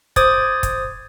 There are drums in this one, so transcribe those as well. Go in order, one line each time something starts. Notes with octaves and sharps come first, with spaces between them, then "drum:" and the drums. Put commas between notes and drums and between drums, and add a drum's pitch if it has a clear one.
C5 D6 D#6 G#6 A6, drum: kick, hi-hat
drum: kick, hi-hat